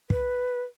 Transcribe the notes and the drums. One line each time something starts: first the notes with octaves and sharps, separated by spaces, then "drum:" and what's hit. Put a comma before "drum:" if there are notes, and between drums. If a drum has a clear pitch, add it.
B4, drum: kick